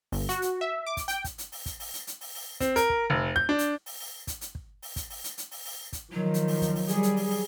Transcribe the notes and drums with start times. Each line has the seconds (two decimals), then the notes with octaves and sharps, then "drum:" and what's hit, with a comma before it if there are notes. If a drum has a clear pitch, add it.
0.12 G1, drum: open hi-hat
0.29 F#4, drum: hi-hat
0.42 drum: hi-hat
0.61 E5
0.86 D6
0.97 drum: kick, hi-hat
1.08 G5, drum: hi-hat
1.24 drum: kick, hi-hat
1.38 drum: hi-hat
1.52 drum: open hi-hat
1.66 drum: kick, hi-hat
1.80 drum: open hi-hat
1.93 drum: hi-hat
2.07 drum: hi-hat
2.21 drum: open hi-hat
2.35 drum: open hi-hat
2.60 C4, drum: kick, hi-hat
2.76 A#4, drum: hi-hat
2.90 drum: kick
3.10 F1
3.36 G6
3.49 D4
3.59 drum: hi-hat
3.86 drum: open hi-hat
4.00 drum: open hi-hat
4.27 drum: kick, hi-hat
4.41 drum: hi-hat
4.55 drum: kick
4.82 drum: open hi-hat
4.96 drum: kick, hi-hat
5.10 drum: open hi-hat
5.24 drum: hi-hat
5.38 drum: hi-hat
5.51 drum: open hi-hat
5.65 drum: open hi-hat
5.93 drum: kick, hi-hat
6.13 D#3 F3 F#3
6.34 drum: hi-hat
6.48 drum: open hi-hat
6.61 drum: kick, hi-hat
6.75 drum: open hi-hat
6.88 G3 G#4, drum: hi-hat
7.03 drum: hi-hat
7.17 drum: open hi-hat
7.30 drum: open hi-hat